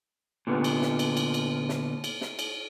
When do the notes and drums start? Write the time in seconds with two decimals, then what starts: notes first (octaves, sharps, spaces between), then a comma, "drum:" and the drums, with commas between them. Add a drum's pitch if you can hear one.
0.47 A#2 D3 B3
0.64 drum: cymbal
0.82 drum: snare
0.99 drum: cymbal
1.17 drum: cymbal
1.34 drum: cymbal
1.69 drum: snare
2.04 drum: cymbal
2.21 drum: snare
2.39 drum: cymbal